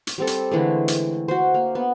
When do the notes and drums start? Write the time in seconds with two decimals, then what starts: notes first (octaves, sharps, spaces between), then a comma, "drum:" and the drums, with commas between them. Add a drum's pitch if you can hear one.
0.07 drum: hi-hat
0.18 G3 C4 A4
0.27 drum: hi-hat
0.51 D3 E3 G#3 A3
0.88 drum: hi-hat
1.28 F#4 C5
1.54 A#3
1.75 B3